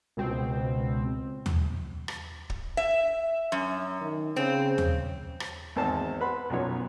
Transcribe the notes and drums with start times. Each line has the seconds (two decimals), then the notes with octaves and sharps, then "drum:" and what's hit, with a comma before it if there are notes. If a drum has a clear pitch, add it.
0.17 C#2 B2 C4
1.46 drum: tom D#2
2.08 drum: rim click
2.50 drum: kick
2.77 E5
3.52 F#2
4.01 D#3
4.36 C#3 C4
4.78 drum: tom D#2
5.40 drum: rim click
5.76 G#1 E2 C5 A5
6.21 B4 F#5 B5 C6
6.50 B1 F#2 F3 C#5